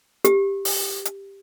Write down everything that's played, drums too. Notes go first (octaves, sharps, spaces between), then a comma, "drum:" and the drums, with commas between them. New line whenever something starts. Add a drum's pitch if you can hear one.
G4, drum: hi-hat
drum: open hi-hat
drum: hi-hat